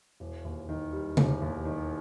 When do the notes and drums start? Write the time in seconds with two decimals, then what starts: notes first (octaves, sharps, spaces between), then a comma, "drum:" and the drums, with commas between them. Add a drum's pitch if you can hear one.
0.20 E1
0.45 D#2
0.69 D#3
0.93 G3
1.17 E1, drum: tom C3
1.42 D#2
1.65 D#3